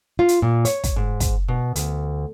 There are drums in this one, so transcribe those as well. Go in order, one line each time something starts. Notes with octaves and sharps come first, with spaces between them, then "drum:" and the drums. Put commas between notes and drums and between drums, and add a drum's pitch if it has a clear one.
F4
drum: hi-hat
A#2
C#5, drum: hi-hat
drum: kick, hi-hat
G#2
drum: kick, hi-hat
B2
D2, drum: hi-hat